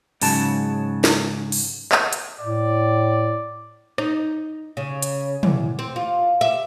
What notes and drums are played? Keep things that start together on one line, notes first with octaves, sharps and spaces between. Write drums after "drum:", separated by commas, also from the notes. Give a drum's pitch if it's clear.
G#2 C#3 F#3 A5, drum: open hi-hat
drum: snare
drum: open hi-hat
drum: clap
drum: hi-hat
A2 D5
D#4, drum: rim click
C#3
drum: hi-hat
E2, drum: tom
C4
F4
E5